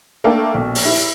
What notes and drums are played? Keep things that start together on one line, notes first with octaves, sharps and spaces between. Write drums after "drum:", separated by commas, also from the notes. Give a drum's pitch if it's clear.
A3 A#3 D4 A4 A#4 G5
A#1 B2
drum: open hi-hat
E4 G4
drum: hi-hat